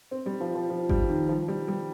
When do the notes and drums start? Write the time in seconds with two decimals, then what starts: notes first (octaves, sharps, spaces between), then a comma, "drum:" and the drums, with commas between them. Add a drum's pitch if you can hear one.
0.11 C4
0.26 G3
0.40 F3
0.55 F3
0.70 F3
0.89 G3, drum: kick G#1
1.09 D#3
1.28 F3
1.48 G3
1.68 G3